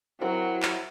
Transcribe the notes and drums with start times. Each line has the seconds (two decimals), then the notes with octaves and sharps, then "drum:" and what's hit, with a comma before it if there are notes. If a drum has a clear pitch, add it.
0.21 F#3 C4 E4 F#4 A#4
0.63 drum: clap